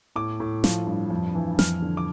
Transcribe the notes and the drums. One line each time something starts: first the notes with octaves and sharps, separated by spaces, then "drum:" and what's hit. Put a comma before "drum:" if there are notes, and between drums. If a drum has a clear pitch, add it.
A2 D6
A2
F3, drum: snare
G2
F2
E3
F2 F6, drum: snare
D3
D6